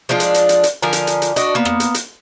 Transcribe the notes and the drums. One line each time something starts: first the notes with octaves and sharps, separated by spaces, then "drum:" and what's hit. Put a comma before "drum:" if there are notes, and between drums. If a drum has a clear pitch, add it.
F3 G#3 D4 F4
drum: hi-hat
drum: hi-hat
drum: hi-hat
drum: hi-hat
D3 F3 A#4 G#5
drum: hi-hat
drum: hi-hat
drum: hi-hat
D4 F#4 D#5, drum: hi-hat
A#3 B3
drum: rim click
drum: hi-hat
drum: hi-hat